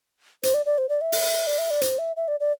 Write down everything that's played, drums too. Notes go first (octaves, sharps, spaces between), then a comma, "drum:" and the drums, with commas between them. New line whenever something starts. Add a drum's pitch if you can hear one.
C5, drum: hi-hat
D5
D5
C5
D5
E5
drum: open hi-hat
D5
E5
D5
C5, drum: hi-hat
E5
E5
D5
D5